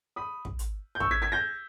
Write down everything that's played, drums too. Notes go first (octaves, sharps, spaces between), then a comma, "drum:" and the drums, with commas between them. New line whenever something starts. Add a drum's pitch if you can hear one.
B5 D#6
drum: kick
drum: hi-hat
G6
C#6 E6, drum: kick
G#6 B6
G#6 B6
G6 A#6